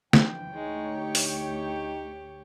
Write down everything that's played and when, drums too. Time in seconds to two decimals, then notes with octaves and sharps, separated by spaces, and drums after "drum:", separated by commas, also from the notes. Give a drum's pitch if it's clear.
0.13 D3 E3 F3 G5, drum: snare
0.54 D2 G#3 D#4 C#5
0.97 G4
1.15 drum: open hi-hat